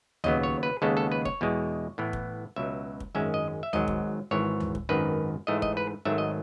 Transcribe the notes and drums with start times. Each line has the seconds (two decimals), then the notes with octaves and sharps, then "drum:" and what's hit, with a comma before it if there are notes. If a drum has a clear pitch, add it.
0.24 D#2 C#3 F#3 B3 D#5, drum: tom D2
0.43 C#5
0.63 B4
0.82 D#2 C#3 G#3 B3 A4
0.97 A4
1.12 B4
1.25 C#5, drum: kick
1.41 E2 B2 G#3
1.98 A2 E3 B3
2.13 drum: kick
2.56 C#2 B2 F#3 E5
3.00 drum: kick
3.15 G#1 F#2 D#3 G#3 C#4 E5
3.34 D#5
3.63 E5
3.73 G#1 G#2 F#3 D#5, drum: tom D2
3.88 drum: kick
4.31 G#1 G#2 E3 C#5
4.60 drum: tom D2
4.75 drum: kick
4.89 G#1 F#2 D#3 B4
5.47 G#2 E3 A3 D#5
5.62 D#5, drum: kick
5.77 B4
6.05 G#1 G#2 D#3 F#3 A3 E5
6.18 D#5